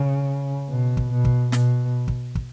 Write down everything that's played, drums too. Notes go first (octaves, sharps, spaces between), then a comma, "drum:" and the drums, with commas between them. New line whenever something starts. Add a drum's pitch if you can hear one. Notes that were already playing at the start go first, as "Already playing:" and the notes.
Already playing: C#3
B2
drum: kick
B2
drum: kick
B2, drum: snare
drum: kick
drum: kick